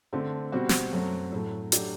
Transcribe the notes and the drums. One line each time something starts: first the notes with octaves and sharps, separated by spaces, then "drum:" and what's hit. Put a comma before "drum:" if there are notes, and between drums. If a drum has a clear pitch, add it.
D3 A3 C4
B2 G3 C4 F#4
drum: snare
F#2 F#3 A3 C4 F#4
A2 F#3 A3
F#3 A3 D4 G4, drum: hi-hat